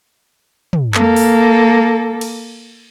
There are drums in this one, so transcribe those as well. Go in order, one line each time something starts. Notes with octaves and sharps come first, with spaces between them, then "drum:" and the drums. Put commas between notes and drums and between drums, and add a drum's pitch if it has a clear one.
drum: tom
A#3 A4, drum: clap
drum: open hi-hat
drum: cymbal